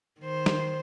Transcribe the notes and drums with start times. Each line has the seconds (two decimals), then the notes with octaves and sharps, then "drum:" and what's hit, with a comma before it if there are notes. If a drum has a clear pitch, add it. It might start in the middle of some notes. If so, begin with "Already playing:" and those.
0.20 D#3 C5
0.46 drum: snare